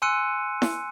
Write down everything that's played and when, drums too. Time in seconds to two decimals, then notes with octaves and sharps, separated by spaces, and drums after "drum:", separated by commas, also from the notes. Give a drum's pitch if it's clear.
0.02 G#5 C6 E6 F#6 C#7 D#7
0.62 drum: snare E4